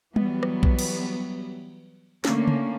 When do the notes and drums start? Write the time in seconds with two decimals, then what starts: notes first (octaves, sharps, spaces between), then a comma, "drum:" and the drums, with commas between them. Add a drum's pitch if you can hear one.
0.16 E3 F#3 G3 B3, drum: tom G3
0.43 drum: rim click
0.63 drum: kick A#1
0.79 drum: cymbal
2.25 D3 A3 A#3 C#4, drum: snare
2.48 drum: tom C#3